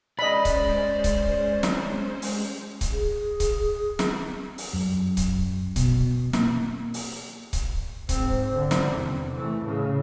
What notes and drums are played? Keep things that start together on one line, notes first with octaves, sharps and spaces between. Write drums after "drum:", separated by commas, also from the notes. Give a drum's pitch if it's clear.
G#3 C#4 C5 D5 D#5 B5
drum: kick C#1, hi-hat
drum: kick C#1, hi-hat
drum: snare
drum: open hi-hat
drum: kick C#1, hi-hat
G#4
drum: kick C#1, hi-hat
drum: snare
drum: open hi-hat
F#2
drum: kick C#1, hi-hat
B2, drum: kick C#1, hi-hat
A#3, drum: snare
drum: open hi-hat
drum: kick C#1, hi-hat
G#2 C4, drum: kick C#1, hi-hat
D3
drum: snare
E2 C3
E3 A3
A2 C#3